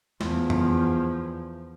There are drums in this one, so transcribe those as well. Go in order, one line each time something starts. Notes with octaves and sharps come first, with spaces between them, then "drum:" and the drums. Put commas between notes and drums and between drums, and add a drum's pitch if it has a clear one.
E2 F3, drum: snare
drum: tom